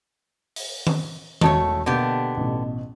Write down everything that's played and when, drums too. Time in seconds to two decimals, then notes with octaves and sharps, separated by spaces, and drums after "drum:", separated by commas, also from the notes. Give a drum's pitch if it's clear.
0.56 drum: open hi-hat
0.87 drum: tom D#3
1.41 E1 D#3 A3 F#4 C#5 A5, drum: tom D#3
1.86 B2 D3 A#3 B3 G4
2.37 A1 B2